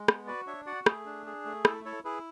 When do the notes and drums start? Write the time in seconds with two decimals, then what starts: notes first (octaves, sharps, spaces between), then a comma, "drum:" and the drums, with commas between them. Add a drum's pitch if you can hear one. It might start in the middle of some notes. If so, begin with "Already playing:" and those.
Already playing: G#3
0.08 B3, drum: rim click
0.27 F#4 B4 D5
0.47 D4 C#5 E5
0.66 F#4 D5 F#5
0.86 A3 G#4, drum: rim click
1.06 D4
1.26 G#4
1.45 A3
1.65 E4 A4, drum: rim click
1.85 E4 A4 C#5
2.05 E4 G#4 B4